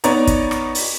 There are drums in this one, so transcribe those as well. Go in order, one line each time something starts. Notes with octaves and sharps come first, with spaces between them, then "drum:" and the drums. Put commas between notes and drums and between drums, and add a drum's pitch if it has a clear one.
B3 D#4 C#5 D5 A#5, drum: hi-hat
drum: kick, hi-hat
drum: rim click
drum: open hi-hat